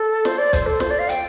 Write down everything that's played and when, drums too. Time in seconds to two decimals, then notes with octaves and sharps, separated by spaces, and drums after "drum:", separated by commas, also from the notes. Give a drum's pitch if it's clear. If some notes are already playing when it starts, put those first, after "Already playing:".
Already playing: A4
0.25 C5, drum: snare
0.38 D5
0.53 C5, drum: kick, hi-hat
0.66 A4
0.80 C5, drum: snare
0.90 D5
0.99 F5
1.09 G5, drum: hi-hat